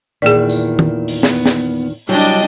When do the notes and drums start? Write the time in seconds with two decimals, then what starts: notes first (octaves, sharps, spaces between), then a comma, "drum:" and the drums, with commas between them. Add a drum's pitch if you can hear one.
0.22 E2 A#2 D#3 G#4 D5
0.50 drum: tambourine
0.79 drum: tom
1.08 drum: open hi-hat
1.23 B3, drum: snare
1.46 drum: snare
2.09 F#3 G3 D4 E4 G4 D#5 G5